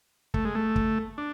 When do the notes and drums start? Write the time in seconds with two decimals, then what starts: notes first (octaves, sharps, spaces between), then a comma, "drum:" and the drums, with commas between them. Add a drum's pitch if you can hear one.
0.34 A3, drum: kick
0.45 G#3
0.55 A3
0.76 drum: kick
1.18 D4